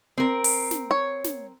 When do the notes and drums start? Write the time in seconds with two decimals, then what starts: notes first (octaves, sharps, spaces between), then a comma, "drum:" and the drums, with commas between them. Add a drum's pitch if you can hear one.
0.18 C4 A#4
0.44 drum: open hi-hat
0.71 drum: snare
0.91 C#5
1.24 drum: snare